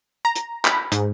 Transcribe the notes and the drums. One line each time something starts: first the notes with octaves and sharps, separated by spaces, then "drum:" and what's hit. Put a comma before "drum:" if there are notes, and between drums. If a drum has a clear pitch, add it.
A#5
drum: hi-hat
B5, drum: clap
G#2, drum: hi-hat